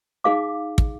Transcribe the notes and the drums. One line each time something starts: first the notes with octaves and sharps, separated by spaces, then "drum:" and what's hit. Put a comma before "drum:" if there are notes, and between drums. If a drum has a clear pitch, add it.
D#4 G#4 F5 D6
drum: kick